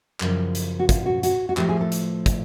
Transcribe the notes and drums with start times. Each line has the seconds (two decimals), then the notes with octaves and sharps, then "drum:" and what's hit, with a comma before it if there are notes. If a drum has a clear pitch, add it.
0.20 F#2 C#3 F3, drum: clap
0.55 drum: hi-hat
0.80 F#4
0.89 F4, drum: kick, hi-hat
1.06 F#4
1.23 F#4, drum: hi-hat
1.49 F#4
1.57 A2 F3 A3 G4, drum: clap
1.69 G#4
1.81 A4
1.92 drum: hi-hat
2.26 drum: kick, hi-hat